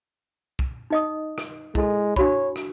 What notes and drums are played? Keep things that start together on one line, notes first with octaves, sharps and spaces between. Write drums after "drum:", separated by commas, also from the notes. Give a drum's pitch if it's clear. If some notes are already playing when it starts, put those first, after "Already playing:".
drum: kick
D#4 D#5 D#6
drum: rim click
G#3 E4 A4, drum: kick
D4 F#4 C#5 B5, drum: kick
drum: rim click